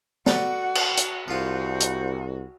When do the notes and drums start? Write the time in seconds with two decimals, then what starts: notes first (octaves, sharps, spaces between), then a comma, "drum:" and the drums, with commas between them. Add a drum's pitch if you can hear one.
0.26 F#4 A4 B4 D5 F#5, drum: snare
0.75 drum: cymbal
0.97 drum: hi-hat
1.28 C2 F3 F4 F#4 C5
1.81 drum: hi-hat